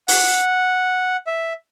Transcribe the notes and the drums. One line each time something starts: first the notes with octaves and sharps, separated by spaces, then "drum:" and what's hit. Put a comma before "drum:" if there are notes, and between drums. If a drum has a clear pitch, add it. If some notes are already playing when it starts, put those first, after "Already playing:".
F#5, drum: open hi-hat
E5